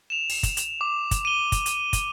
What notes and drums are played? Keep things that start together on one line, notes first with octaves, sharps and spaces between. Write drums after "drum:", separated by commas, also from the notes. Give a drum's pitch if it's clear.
E7 F7
drum: open hi-hat
drum: kick, hi-hat
drum: hi-hat
D6
drum: kick, hi-hat
D#7 G7
drum: kick, hi-hat
drum: hi-hat
drum: kick, hi-hat